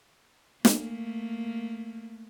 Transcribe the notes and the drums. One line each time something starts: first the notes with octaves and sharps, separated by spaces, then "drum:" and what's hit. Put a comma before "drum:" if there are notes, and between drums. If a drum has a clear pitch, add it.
A3 A#3, drum: snare